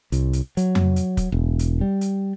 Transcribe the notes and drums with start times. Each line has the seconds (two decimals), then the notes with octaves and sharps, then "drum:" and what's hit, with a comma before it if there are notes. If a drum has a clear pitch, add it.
0.12 C2, drum: hi-hat
0.33 drum: hi-hat
0.57 F#3, drum: hi-hat
0.75 drum: tom F2
0.96 drum: hi-hat
1.17 drum: kick, hi-hat
1.32 E1
1.59 drum: hi-hat
1.81 G3
2.01 drum: hi-hat